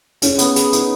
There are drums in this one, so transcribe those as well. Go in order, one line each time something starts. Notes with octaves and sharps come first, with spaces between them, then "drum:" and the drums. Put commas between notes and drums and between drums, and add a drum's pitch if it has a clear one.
C#4 G#4, drum: hi-hat
B3, drum: hi-hat
G#4, drum: hi-hat
D#4, drum: hi-hat